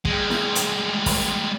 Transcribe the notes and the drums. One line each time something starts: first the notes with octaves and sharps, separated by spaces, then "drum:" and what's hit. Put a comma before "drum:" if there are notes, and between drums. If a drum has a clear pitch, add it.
G3 G#3, drum: kick
drum: snare E4
drum: hi-hat
drum: kick, open hi-hat